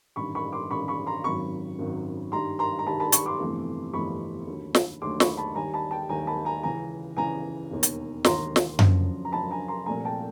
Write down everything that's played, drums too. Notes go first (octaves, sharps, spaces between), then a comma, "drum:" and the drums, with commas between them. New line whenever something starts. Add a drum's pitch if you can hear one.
A1 G2 D#3 B5 C#6
B5 C#6
C6 D6
A1 G2 D#3 B5 C#6
B5 C#6
A#5 C6
G#1 F#2 D#3 F#3 B5 C#6
G#1 F#2 D#3 F#3
G2 D#3 G3 A#5 C6
A#5 C6
A#5
G2 D#3 G3 A5 B5
A5 B5
B5 C#6, drum: hi-hat
C6 D6
G1 F2 C3 E3 A3
G1 F2 C3 E3 A3 B5 C#6
D#2 D3 F#3 A3
drum: snare
D#2 D3 F#3 A3 C6 D6
B5 C#6, drum: snare
A5 B5
D#2 D#3 G3 G#5 A#5
A5 B5
G5 A5
D#2 D#3 G3 G#5 A#5
A5 B5
G#5 A#5
C#2 C#3 E3 G#5 A#5
C#2 C#3 E3 G#5 A#5
E1 D#2 D#3
drum: hi-hat
E1 D#2 D#3 A#5 C6, drum: snare
drum: snare
F#1 F#2 D3 F3, drum: tom F#2
A#5
F#1 F#2 D3 F3 A5 B5
G#5 A#5
A#5 C6
C2 A#2 F3 A3 G#5 A#5
G5 A5